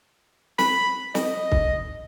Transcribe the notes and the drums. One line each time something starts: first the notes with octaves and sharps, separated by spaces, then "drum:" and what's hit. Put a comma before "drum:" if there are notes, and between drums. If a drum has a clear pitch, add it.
B5, drum: snare
D#5, drum: snare
drum: kick C2